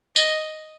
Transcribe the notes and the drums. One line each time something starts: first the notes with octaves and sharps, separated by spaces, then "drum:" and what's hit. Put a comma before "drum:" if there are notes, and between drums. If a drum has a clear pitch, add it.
D#5, drum: tambourine